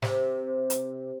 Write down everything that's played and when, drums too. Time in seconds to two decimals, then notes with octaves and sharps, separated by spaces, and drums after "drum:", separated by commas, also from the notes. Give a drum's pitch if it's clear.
0.02 C3, drum: snare
0.70 drum: hi-hat